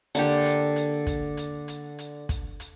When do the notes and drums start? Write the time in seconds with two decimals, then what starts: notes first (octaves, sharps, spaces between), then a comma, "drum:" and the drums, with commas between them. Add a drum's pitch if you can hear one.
0.15 D3 A#3 G4, drum: hi-hat
0.45 drum: hi-hat
0.76 drum: hi-hat
1.07 drum: kick, hi-hat
1.37 drum: hi-hat
1.68 drum: hi-hat
1.98 drum: hi-hat
2.29 drum: kick, hi-hat
2.60 drum: hi-hat